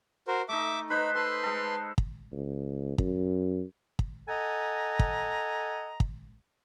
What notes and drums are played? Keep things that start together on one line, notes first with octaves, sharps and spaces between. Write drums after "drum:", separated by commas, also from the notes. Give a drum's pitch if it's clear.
F#4 A#4 C5
A3 D#4 E5 D6
D#4 B4 C5 D#5 B5
A4 B4 C6
G#3 A4
drum: kick
C#2
F#2, drum: kick
drum: kick
A4 D#5 F#5 G#5 A#5
drum: kick
drum: kick